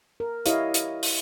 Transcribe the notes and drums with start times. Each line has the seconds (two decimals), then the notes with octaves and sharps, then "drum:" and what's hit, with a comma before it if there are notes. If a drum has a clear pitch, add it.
0.20 A#4
0.46 E4 G4 C#5 D#5 F5, drum: hi-hat
0.74 drum: hi-hat
1.03 drum: open hi-hat